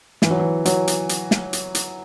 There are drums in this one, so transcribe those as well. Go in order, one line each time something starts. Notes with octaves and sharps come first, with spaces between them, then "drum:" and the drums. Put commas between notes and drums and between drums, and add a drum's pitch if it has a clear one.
E3, drum: snare
F#3
E3
F#3, drum: hi-hat
drum: hi-hat
drum: hi-hat
drum: snare
drum: hi-hat
drum: hi-hat